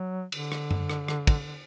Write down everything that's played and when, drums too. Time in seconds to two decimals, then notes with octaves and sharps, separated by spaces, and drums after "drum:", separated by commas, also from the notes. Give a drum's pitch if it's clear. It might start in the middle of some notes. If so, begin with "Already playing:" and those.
Already playing: F#3
0.32 D3, drum: cymbal
0.52 drum: rim click
0.71 drum: tom F#2
0.90 drum: rim click
1.08 drum: rim click
1.27 drum: kick, cymbal